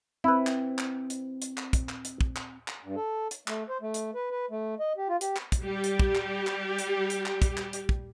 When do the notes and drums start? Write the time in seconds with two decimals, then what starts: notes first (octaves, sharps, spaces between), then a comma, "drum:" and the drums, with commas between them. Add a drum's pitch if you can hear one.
0.24 C4 E4 B4
0.47 drum: clap
0.78 drum: clap
1.10 drum: hi-hat
1.42 drum: hi-hat
1.57 drum: clap
1.73 drum: kick, hi-hat
1.89 drum: clap
2.05 drum: hi-hat
2.21 drum: kick
2.36 drum: clap
2.68 drum: clap
2.84 G2
2.96 A4
3.31 drum: hi-hat
3.48 A3, drum: clap
3.69 C5
3.82 A3
3.94 drum: hi-hat
4.15 B4
4.31 B4
4.51 A3
4.79 D#5
4.97 G4
5.09 F4
5.21 G4, drum: hi-hat
5.36 drum: clap
5.52 drum: kick, hi-hat
5.63 G3 G4
5.84 drum: hi-hat
6.00 drum: kick
6.15 drum: clap
6.47 drum: clap
6.78 drum: hi-hat
7.10 drum: hi-hat
7.26 drum: clap
7.42 drum: kick, hi-hat
7.57 drum: clap
7.73 drum: hi-hat
7.89 drum: kick